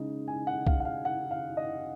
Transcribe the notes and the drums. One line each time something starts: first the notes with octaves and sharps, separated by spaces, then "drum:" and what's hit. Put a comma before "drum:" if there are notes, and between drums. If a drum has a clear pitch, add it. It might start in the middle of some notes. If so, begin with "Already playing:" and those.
Already playing: C#3 G#3 D#4
G#5
F#5
F5, drum: kick C2
F#5
F5
F#5
F5
D#5